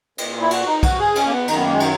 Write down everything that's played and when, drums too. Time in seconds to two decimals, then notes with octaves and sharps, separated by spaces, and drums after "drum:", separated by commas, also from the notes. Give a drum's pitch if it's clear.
0.18 A#2, drum: cymbal
0.41 E4
0.51 F#4, drum: cymbal
0.67 D#4
0.83 F#4, drum: kick, cymbal
0.99 G#4
1.15 C#4, drum: cymbal
1.26 A#3
1.31 B3
1.48 F#2 D#3 D#4, drum: cymbal
1.56 B3
1.64 A#3
1.72 G#3
1.80 F#3, drum: cymbal